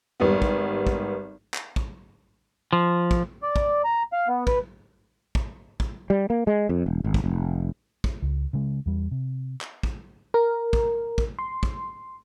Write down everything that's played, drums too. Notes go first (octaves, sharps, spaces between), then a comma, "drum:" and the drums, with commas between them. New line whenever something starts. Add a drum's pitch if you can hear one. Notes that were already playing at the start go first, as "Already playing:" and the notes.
G#1 G3 B3
drum: kick
drum: kick
drum: clap
drum: kick
F3
drum: kick
D5
drum: kick
A#5
F5
B3
B4, drum: kick
drum: kick
drum: kick
G3
A#3
G#3
F2
E1
G#1
drum: kick
F1
drum: kick
C#2
C#3 G#3
E2 G3
C3
drum: clap
drum: kick
A#4
drum: kick
drum: kick
C6
drum: kick